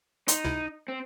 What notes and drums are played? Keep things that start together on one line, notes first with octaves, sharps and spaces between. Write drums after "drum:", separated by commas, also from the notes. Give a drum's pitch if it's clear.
D#4 C6, drum: hi-hat
C#2 C3 E4
C4